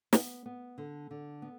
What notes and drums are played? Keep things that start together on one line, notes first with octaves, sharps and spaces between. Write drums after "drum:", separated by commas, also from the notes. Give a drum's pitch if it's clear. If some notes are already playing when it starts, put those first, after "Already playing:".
B3, drum: snare
B3
D3
D3
B3